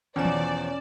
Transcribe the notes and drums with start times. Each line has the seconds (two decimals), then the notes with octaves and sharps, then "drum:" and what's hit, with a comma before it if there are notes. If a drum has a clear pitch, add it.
0.16 E2 B2 F3 C#4 D5 E7
0.25 drum: tom D#3